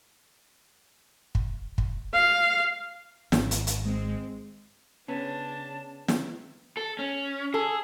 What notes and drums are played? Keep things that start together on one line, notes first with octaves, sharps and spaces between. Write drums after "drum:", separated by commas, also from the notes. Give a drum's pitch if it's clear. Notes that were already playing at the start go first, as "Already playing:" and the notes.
drum: kick
drum: kick
F5
G#1, drum: snare
drum: hi-hat
drum: hi-hat
G#3 C4
C#3 B3 C#4 D4 A5
drum: snare
A4
C#4
G#4 A4